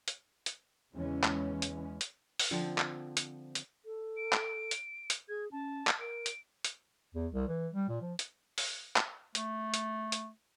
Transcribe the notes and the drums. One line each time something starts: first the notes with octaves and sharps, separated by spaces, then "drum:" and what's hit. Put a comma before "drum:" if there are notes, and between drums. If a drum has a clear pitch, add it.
drum: hi-hat
drum: hi-hat
E2 C#3 E3 G#3 C#4
drum: clap
drum: hi-hat
drum: hi-hat
drum: open hi-hat
D3 F3 C4
drum: clap
drum: hi-hat
drum: hi-hat
A4
D7
drum: clap
drum: hi-hat
drum: hi-hat
G#4 G#6
C#4 A5
drum: clap
A#4 D7
drum: hi-hat
drum: hi-hat
E2
C2
E3
G3
A#2
F3
drum: hi-hat
drum: open hi-hat
drum: clap
A3, drum: hi-hat
drum: hi-hat
drum: hi-hat